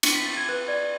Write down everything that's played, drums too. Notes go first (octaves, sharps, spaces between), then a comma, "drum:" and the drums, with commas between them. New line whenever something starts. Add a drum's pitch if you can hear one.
drum: cymbal
B6
A6
G#6
B4 F#6
D5 G#6